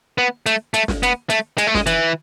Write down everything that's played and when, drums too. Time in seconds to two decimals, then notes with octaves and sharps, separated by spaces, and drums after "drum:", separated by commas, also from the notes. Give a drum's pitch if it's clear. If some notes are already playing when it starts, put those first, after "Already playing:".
0.18 B3
0.46 A3, drum: hi-hat
0.74 A3, drum: hi-hat
0.88 drum: snare
1.03 B3, drum: hi-hat
1.30 A3, drum: hi-hat
1.58 G#3, drum: hi-hat
1.67 A3
1.75 G#3, drum: snare
1.86 E3, drum: hi-hat